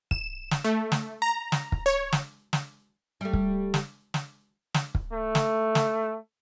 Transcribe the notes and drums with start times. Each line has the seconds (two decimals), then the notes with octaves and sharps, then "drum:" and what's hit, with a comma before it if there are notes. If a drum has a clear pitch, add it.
0.11 E7, drum: kick
0.51 drum: snare
0.64 A3
0.92 drum: snare
1.22 A#5
1.52 drum: snare
1.72 drum: kick
1.86 C#5
2.12 drum: snare
2.53 drum: snare
3.21 G3 A3
3.33 drum: kick
3.74 drum: snare
4.14 drum: snare
4.74 drum: snare
4.95 drum: kick
5.13 A3
5.35 drum: snare
5.75 drum: snare